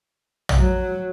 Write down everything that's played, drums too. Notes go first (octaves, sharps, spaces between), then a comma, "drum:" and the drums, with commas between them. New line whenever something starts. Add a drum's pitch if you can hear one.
drum: tom A#1
F#3